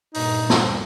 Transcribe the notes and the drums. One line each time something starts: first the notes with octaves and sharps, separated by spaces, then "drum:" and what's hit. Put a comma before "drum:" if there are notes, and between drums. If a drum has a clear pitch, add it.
G2 A#2 D#4, drum: open hi-hat
drum: snare